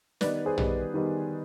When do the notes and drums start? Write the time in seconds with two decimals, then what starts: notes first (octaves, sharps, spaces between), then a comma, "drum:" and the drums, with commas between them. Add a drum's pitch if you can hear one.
0.21 D#3 G3 B3 D#4 B4 D5, drum: snare
0.45 G#4 C5
0.58 D#3 G3 B3 D#4, drum: tom
0.94 D#3 G3 B3 D#4